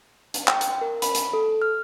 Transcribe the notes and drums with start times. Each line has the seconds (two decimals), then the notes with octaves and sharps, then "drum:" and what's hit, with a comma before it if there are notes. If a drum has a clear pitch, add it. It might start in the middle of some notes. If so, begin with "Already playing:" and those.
0.34 drum: hi-hat
0.48 G5, drum: clap
0.61 drum: hi-hat
0.81 A#4
1.02 B5, drum: hi-hat
1.15 drum: hi-hat
1.33 A4
1.62 F6